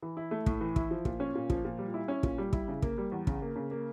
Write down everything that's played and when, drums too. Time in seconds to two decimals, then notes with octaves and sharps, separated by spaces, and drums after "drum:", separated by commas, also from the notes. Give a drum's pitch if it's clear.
0.02 E3
0.17 E4
0.31 A3
0.46 A2, drum: kick
0.61 E3
0.76 E4, drum: kick
0.91 F3
1.05 A#2, drum: kick
1.20 C#4
1.35 A#2
1.50 F3, drum: kick
1.65 A#2
1.79 G3
1.94 E4
2.08 C#4
2.23 A#2, drum: kick
2.38 G3
2.53 E4, drum: kick
2.68 C#3
2.82 A#3, drum: kick
2.98 G3
3.12 E2
3.27 C#3, drum: kick
3.42 A#3
3.56 C#3
3.71 A#3